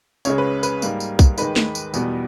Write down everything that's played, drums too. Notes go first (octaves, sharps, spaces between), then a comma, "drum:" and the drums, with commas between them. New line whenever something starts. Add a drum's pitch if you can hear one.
C#2 C#3 G#3 C#5, drum: tambourine
B4
B4, drum: tambourine
G#2 G3 A#3, drum: tambourine
drum: tambourine
drum: kick B1, tambourine
D#2 D#3 G#3 D#4 B4, drum: tambourine
drum: snare
drum: tambourine
E2 B2 G3 B3, drum: tambourine